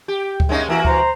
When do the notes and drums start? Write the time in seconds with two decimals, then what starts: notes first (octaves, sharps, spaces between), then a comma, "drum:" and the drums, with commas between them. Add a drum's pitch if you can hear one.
0.08 G4
0.40 drum: kick D2
0.49 G#3 A#3 C#4 D#4 E5
0.68 E3 A#3 E4 F#4 A#4
0.85 C5 A#5, drum: kick D2